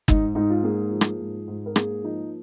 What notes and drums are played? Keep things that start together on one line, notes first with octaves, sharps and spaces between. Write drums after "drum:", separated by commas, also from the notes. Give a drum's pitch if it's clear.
G#2 D#4, drum: kick
G#2 D#4
F4
A#3 G#4
F3
drum: rim click
G#2
G#2
A#4
A#3 G#4, drum: rim click
F3 D#4